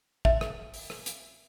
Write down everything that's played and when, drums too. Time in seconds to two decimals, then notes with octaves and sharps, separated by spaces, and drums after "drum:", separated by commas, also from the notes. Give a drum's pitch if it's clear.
0.25 E5, drum: kick
0.41 drum: rim click
0.74 drum: open hi-hat
0.90 drum: rim click
1.06 drum: hi-hat